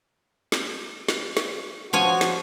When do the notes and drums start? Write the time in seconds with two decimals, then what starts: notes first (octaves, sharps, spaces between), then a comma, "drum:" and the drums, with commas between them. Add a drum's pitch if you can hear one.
0.52 drum: snare
1.09 drum: snare
1.37 drum: snare
1.93 F3 F#4 C#5 G#5
2.21 drum: snare